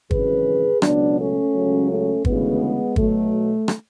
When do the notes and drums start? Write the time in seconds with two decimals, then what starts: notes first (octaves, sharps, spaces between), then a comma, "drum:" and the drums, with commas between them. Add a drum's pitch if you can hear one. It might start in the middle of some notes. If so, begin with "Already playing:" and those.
0.11 G#1 F#2 C#3 E3 G#4 B4, drum: kick
0.82 C#2 B2 F#3 B3 D4, drum: rim click
1.18 A3 C#4
1.54 C#2 C#3 F#3
1.89 A3 C#4
2.25 D2 C#3 E3 G#3 B3, drum: kick
2.96 B1 B2 F#3 A3, drum: kick
3.68 drum: rim click